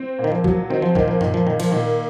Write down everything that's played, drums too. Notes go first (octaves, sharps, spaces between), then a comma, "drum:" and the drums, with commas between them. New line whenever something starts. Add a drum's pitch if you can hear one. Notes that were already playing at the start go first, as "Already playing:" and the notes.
Already playing: C4
A#2
D#3
F3
F#3, drum: kick C2
D#3 C4
F3
A#2 D#3, drum: kick C2
F3
A#2 D#3, drum: tom F#2
F3
A#2 D#3
F3, drum: cymbal
A#2 D#3